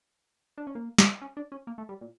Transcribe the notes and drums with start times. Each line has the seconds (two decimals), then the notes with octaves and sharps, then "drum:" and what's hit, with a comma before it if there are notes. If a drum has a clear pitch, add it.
0.58 D4
0.67 C#4
0.75 A#3
0.98 drum: snare
1.21 C#4
1.37 D4
1.52 C#4
1.67 A#3
1.78 A3
1.89 G3
2.01 A#2